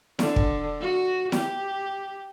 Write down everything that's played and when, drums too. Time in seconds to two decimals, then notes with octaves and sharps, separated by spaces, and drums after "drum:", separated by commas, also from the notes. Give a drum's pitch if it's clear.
0.19 D3, drum: snare E4
0.36 drum: kick
0.81 F#4
1.32 G4, drum: snare E4